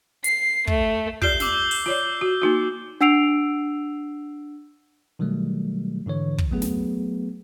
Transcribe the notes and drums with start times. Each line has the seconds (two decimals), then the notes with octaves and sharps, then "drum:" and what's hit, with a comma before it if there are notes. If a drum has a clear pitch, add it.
0.24 C7, drum: hi-hat
0.67 A3, drum: kick
1.22 F4 G4 D5 G6 C7 G7, drum: kick
1.40 D6 E6 C7, drum: snare
1.71 drum: open hi-hat
1.86 F4 C#5 D5
2.21 F#4
2.42 A#3 D#4 F#4
3.01 D4 F#5 E6 C7 D7 F7
5.19 B2 D#3 F#3 G3 A3
6.06 G#2 D3 E3 C#5
6.38 drum: kick
6.51 F#3 A3 B3 G#4
6.62 drum: snare